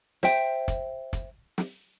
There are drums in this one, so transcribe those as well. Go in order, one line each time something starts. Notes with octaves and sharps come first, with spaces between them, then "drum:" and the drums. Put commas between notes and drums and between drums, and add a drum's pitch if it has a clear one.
C5 E5 G5, drum: snare
drum: kick, hi-hat
drum: kick, hi-hat
drum: snare